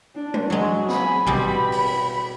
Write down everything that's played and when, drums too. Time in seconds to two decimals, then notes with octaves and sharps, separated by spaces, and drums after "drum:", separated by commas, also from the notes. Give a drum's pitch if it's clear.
0.16 D4
0.34 drum: tom G3
0.50 F#3 G#3 F#4
0.89 G#5 B5, drum: snare
1.27 B2 G3 C4 B5, drum: kick G#1
1.72 drum: open hi-hat